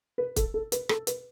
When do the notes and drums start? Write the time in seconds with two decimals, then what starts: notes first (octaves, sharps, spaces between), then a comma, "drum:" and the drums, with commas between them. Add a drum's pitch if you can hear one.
0.18 B4
0.36 A4, drum: kick, hi-hat
0.54 A4
0.72 B4, drum: hi-hat
0.89 A4, drum: rim click
1.07 B4, drum: hi-hat